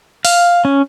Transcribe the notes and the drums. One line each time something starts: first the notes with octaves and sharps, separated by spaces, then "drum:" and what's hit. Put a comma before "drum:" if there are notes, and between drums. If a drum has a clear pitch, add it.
F5, drum: open hi-hat
C#4